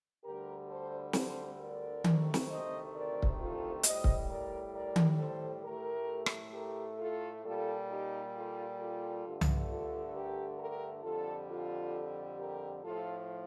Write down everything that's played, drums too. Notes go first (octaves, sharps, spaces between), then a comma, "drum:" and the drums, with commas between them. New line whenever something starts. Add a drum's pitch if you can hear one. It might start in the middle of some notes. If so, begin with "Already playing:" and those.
D2 D3 G3 G4 A#4
A4 C5
A4 C5, drum: snare
A#4 D5
D2 C3 D#3 A3, drum: tom D#3
drum: snare
C5 D#5
A#4 D5
drum: kick C#1
F4 A4
A2 G3 C5 D#5, drum: hi-hat
drum: kick C#1
A#4 D5
A#4 D5
drum: tom D#3
A4 C5
A2 A3 G4 A#4
drum: rim click
G4 A#4
F4 A4
A#2 G3 F4 A4
D#4 G4
F4 A4
F4 A4
G2 D3 A3
drum: tom C2
F4 A4
G4 A#4
G4 A#4
F2 D3 G3 F4 A4
F4 A4
G4 A#4
A2 F3 A3 F4 A4